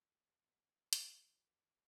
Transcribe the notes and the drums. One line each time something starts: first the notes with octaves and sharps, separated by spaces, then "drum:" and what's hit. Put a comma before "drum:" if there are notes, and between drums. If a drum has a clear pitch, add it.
drum: hi-hat
F3 D6 F#6 C#7